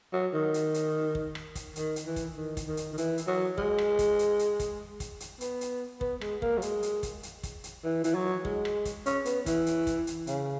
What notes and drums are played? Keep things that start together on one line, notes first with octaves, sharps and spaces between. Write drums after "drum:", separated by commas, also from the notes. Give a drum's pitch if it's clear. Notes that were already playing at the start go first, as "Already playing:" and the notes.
F#3
D#3
drum: hi-hat
drum: hi-hat
drum: kick
drum: rim click
drum: kick, hi-hat
D#3, drum: hi-hat
drum: hi-hat
E3
drum: kick, hi-hat
D#3
drum: kick, hi-hat
D#3
drum: hi-hat
D#3
E3, drum: hi-hat
drum: hi-hat
F#3
G#3, drum: kick
drum: rim click
drum: kick, hi-hat
drum: hi-hat
drum: hi-hat
drum: kick, hi-hat
drum: kick, hi-hat
drum: hi-hat
B3, drum: hi-hat
drum: hi-hat
B3, drum: kick
G#3, drum: rim click
A#3, drum: kick
F#3
G#3, drum: hi-hat
drum: hi-hat
drum: kick, hi-hat
drum: hi-hat
drum: kick, hi-hat
drum: hi-hat
E3
E3, drum: hi-hat
F#3
G#3, drum: kick
drum: rim click
drum: kick, hi-hat
C#4, drum: hi-hat
B3, drum: hi-hat
E3, drum: kick, hi-hat
drum: hi-hat
drum: kick, hi-hat
drum: hi-hat
C#3, drum: hi-hat